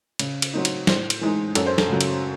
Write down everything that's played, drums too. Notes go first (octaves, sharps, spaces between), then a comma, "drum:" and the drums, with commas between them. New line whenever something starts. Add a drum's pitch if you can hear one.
C#3, drum: cymbal
drum: cymbal
F#3 C4 D#4
drum: cymbal
A2 C5, drum: snare
drum: cymbal
E3 G#3 D#4
F#2 A4, drum: cymbal
C5
A4, drum: snare
C#3 F#3
drum: cymbal